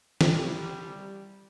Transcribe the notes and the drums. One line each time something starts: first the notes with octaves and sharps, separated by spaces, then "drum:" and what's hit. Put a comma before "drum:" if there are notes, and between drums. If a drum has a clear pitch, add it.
drum: snare
G3